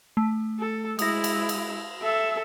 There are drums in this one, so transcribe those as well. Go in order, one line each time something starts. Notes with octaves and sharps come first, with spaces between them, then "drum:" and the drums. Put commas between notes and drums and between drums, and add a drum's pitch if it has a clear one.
A3
A4
G#3 E4 D#6 A#6, drum: cymbal
drum: cymbal
drum: cymbal
A4 E5